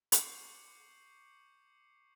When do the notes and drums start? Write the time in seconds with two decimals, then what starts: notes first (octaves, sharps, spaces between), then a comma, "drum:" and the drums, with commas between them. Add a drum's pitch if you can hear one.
0.12 C#6 D6 G6 C7 C#7 F#7, drum: hi-hat